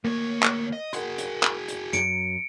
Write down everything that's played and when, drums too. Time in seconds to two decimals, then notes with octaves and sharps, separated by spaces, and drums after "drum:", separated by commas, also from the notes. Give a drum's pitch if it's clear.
0.05 D2 A#3 C#5
0.43 drum: clap
0.73 D#5
0.93 F#4 G#4 A#4 F#5 C6, drum: hi-hat
1.18 drum: hi-hat
1.43 drum: clap
1.68 drum: hi-hat
1.93 F#2 F#3 C#7 D7, drum: hi-hat